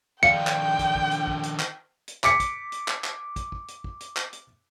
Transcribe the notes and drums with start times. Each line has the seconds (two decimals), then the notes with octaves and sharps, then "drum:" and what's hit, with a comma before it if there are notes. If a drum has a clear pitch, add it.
0.23 D#3 D4 F5 G5 C#7
0.47 drum: clap
0.79 drum: kick, hi-hat
0.95 drum: kick
1.11 drum: hi-hat
1.27 drum: kick
1.43 drum: hi-hat
1.59 drum: clap
2.08 drum: hi-hat
2.24 D6 B6 C#7, drum: clap
2.40 drum: kick, hi-hat
2.72 drum: hi-hat
2.88 drum: clap
3.04 drum: clap
3.36 drum: kick, hi-hat
3.52 drum: kick
3.68 drum: hi-hat
3.84 drum: kick
4.00 drum: hi-hat
4.17 drum: clap
4.33 drum: hi-hat